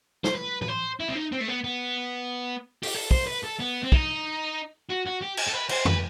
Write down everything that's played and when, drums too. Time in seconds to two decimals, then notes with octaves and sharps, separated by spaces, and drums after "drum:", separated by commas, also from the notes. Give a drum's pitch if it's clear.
0.24 C5, drum: snare
0.35 B4
0.62 B4, drum: tom
0.68 C5
1.00 E4
1.09 C4
1.16 D#4
1.32 C4
1.41 A3
1.48 B3
1.64 B3
2.83 G4, drum: open hi-hat
2.95 A4
3.11 C5, drum: kick
3.26 B4
3.43 A4
3.59 B3
3.83 C4
3.92 D#4, drum: kick
4.89 F#4
5.06 F#4
5.21 G4
5.37 drum: cymbal
5.47 A4
5.53 B4
5.69 C5, drum: cymbal
5.85 B4, drum: tom F2